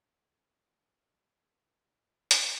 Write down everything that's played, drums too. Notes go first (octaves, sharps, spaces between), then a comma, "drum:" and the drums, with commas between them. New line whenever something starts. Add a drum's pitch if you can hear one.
A4 F#5
drum: hi-hat